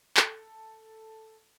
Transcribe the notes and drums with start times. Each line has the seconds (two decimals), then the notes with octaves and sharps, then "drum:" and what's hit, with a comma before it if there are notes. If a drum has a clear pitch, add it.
0.17 A4, drum: clap